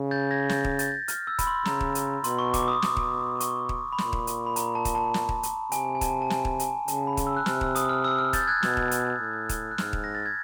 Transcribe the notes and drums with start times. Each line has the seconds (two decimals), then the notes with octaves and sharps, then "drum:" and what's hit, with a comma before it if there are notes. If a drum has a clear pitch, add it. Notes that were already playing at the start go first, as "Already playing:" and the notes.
Already playing: C#3
0.11 G6 A6
0.31 G#6 A#6
0.49 G6 A6, drum: snare
0.64 drum: kick
0.79 G6 A6, drum: hi-hat
1.08 F6, drum: hi-hat
1.27 E6
1.39 B5, drum: kick, hi-hat
1.47 C6
1.65 C#3 A#5, drum: snare
1.81 drum: kick
1.95 drum: hi-hat
2.24 B2 C6, drum: hi-hat
2.39 C#6
2.54 D6, drum: kick, hi-hat
2.68 D#6
2.82 B2 D6, drum: snare
2.97 drum: kick
3.40 C#6, drum: hi-hat
3.69 drum: kick
3.93 B5
3.98 A#2 C6, drum: snare
4.13 drum: kick
4.27 drum: hi-hat
4.47 B5
4.56 A#5, drum: hi-hat
4.75 A5
4.85 drum: kick, hi-hat
4.95 A5
5.14 drum: snare
5.29 drum: kick
5.43 drum: hi-hat
5.72 C3 G#5, drum: hi-hat
5.95 G#5
6.01 A5, drum: kick, hi-hat
6.22 A5
6.30 G#5, drum: snare
6.45 drum: kick
6.60 G#5, drum: hi-hat
6.88 C#3 A5, drum: hi-hat
7.07 B5
7.17 drum: kick, hi-hat
7.27 E6
7.37 F#6
7.46 C3 F6, drum: snare
7.61 E6, drum: kick
7.75 D#6, drum: hi-hat
7.90 F6
8.04 E6
8.18 F6
8.33 G6 A6, drum: kick, hi-hat
8.48 F#6 G#6
8.63 B2, drum: snare
8.77 drum: kick
8.91 drum: hi-hat
9.20 A2
9.49 drum: kick, hi-hat
9.71 F#6
9.78 G#2 F6, drum: snare
9.93 drum: kick
10.04 A#6
10.15 A6
10.26 G#6